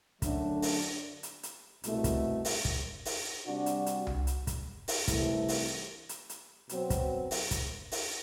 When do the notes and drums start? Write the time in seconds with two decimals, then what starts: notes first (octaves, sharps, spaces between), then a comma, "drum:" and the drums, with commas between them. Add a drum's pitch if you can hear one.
0.22 F#2 D3 F#3 A3 D4, drum: kick, hi-hat
0.62 drum: open hi-hat
1.23 drum: hi-hat
1.43 drum: hi-hat
1.84 C2 B2 A3, drum: hi-hat
2.04 drum: kick, hi-hat
2.45 drum: open hi-hat
2.65 drum: kick
3.05 drum: open hi-hat
3.45 C3 G3 D4 F#4
3.66 drum: hi-hat
3.86 drum: hi-hat
4.07 drum: tom C2
4.27 drum: hi-hat
4.47 drum: kick, hi-hat
4.88 drum: open hi-hat
5.08 C2 C3 E3 A3, drum: kick, hi-hat
5.48 drum: open hi-hat
6.09 drum: hi-hat
6.29 drum: hi-hat
6.69 B2 F#3 C4, drum: hi-hat
6.90 drum: kick, hi-hat
7.31 drum: open hi-hat
7.51 drum: kick, hi-hat
7.92 drum: open hi-hat